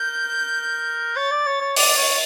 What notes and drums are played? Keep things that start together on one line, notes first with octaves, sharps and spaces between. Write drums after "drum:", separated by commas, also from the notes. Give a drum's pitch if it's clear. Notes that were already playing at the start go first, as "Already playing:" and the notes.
Already playing: A#4 G6
C#5 A6
D5
C#5
C#5
D5 A6, drum: open hi-hat
C#5